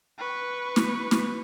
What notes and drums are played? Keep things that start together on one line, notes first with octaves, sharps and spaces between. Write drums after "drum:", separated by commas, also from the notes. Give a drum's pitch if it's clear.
B4 C#6
drum: snare
drum: snare